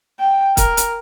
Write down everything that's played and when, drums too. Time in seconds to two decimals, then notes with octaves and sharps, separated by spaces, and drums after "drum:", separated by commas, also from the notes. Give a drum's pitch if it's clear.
0.19 G5
0.57 A#4, drum: kick, hi-hat
0.77 drum: hi-hat